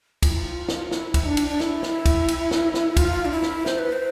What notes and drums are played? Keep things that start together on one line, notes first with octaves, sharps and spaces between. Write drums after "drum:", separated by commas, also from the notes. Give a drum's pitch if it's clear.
F4, drum: kick, cymbal
E4
F4
drum: snare
E4, drum: snare
drum: kick, cymbal
D4
drum: cymbal
D4
E4, drum: snare
drum: snare
drum: kick, cymbal
drum: cymbal
drum: snare
drum: snare
F4, drum: kick, cymbal
D4
E4
drum: snare
C5, drum: snare
B4
C5